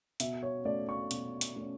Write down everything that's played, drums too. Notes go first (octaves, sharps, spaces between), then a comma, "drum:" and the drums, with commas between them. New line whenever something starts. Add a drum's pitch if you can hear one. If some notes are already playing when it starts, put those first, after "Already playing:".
B2 E5, drum: hi-hat
C#5
A3 C#4 D5
C#6
B2, drum: hi-hat
drum: hi-hat
A3 C#4